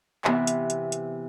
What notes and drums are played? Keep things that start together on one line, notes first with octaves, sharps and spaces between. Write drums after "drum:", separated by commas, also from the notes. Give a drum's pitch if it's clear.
C3 E3 B3 E4, drum: clap
drum: hi-hat
drum: hi-hat
drum: hi-hat